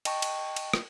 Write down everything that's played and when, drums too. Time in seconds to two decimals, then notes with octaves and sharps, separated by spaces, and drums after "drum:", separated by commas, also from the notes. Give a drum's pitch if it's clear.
0.05 D#5 G5 A5 C#6, drum: cymbal
0.22 drum: cymbal
0.56 drum: cymbal
0.73 drum: rim click